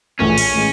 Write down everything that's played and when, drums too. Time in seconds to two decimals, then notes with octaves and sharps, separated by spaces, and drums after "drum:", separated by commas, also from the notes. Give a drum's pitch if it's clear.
0.19 A#1 A2 E3 A3 C#4
0.38 drum: cymbal
0.53 A2 E3 G#3